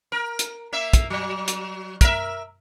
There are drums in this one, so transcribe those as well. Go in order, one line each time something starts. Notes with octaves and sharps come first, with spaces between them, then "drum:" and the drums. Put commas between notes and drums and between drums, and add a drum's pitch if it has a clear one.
A#4
drum: hi-hat
A#3 E5
drum: kick, hi-hat
F#3
drum: hi-hat
A#4 E5, drum: kick, hi-hat